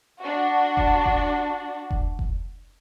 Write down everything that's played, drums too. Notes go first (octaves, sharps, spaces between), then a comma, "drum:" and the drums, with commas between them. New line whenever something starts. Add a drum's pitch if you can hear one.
D4 F#4
drum: kick F1
drum: kick F1
drum: kick F1
drum: kick F1